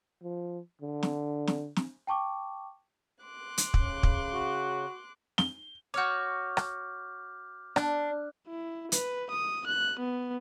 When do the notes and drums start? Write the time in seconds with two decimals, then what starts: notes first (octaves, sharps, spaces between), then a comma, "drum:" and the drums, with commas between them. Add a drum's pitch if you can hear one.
0.24 F3
0.81 D3
1.03 drum: snare
1.47 drum: snare
1.76 drum: snare
2.07 G5 A5 C#6 D6
3.23 C6 D6 F#6
3.58 drum: hi-hat
3.74 C#3, drum: kick
4.03 drum: kick
4.34 F#4
5.38 G7, drum: snare
5.94 F#4 C#5 D6 F6 G6
6.57 drum: rim click
7.76 D4 F#6, drum: rim click
8.48 E4
8.92 B4, drum: hi-hat
9.31 D#6
9.67 F#6
10.00 B3